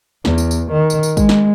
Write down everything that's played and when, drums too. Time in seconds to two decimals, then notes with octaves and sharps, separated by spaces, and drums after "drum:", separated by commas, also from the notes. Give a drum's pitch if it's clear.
0.25 E2, drum: snare
0.38 drum: tambourine
0.51 drum: tambourine
0.72 D#3
0.90 drum: tambourine
1.03 drum: tambourine
1.17 G#3, drum: kick, tambourine
1.29 drum: snare